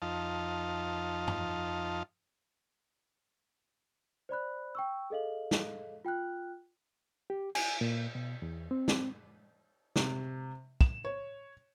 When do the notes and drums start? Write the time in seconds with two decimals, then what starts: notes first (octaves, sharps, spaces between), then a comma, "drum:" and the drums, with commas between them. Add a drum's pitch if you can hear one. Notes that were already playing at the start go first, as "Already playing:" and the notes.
0.02 F2 D#4 F5 A5
1.28 drum: tom G2
4.29 C5 D5 B5 F#6
4.75 G5 C#6 E6
5.10 G#4 A4 D#5 F5 F#7
5.51 drum: snare
6.05 F4 G5 F6 F#6
7.30 G4
7.55 G#5, drum: cymbal
7.81 A#2
8.15 B2
8.42 E2
8.71 C4
8.88 drum: snare
9.96 C3, drum: snare
10.81 E7, drum: kick
11.05 C#5